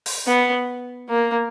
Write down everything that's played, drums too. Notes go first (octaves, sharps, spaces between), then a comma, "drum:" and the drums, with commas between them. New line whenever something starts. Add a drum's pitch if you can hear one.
drum: open hi-hat
B3
A#3